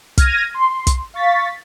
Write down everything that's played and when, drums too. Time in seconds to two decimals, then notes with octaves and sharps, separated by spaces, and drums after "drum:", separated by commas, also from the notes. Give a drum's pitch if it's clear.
0.18 F6 G#6 A#6 D#7, drum: kick, hi-hat
0.54 C6
0.87 drum: kick, hi-hat
1.14 F5 C#6 A6 B6